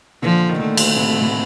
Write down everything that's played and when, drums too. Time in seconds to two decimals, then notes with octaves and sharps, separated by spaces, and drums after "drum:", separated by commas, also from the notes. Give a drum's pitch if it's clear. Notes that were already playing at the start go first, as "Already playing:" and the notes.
0.22 A#2 D3 F3
0.49 D#3
0.59 A#2 D3 A3
0.77 drum: cymbal
0.96 A2 C3
1.21 A2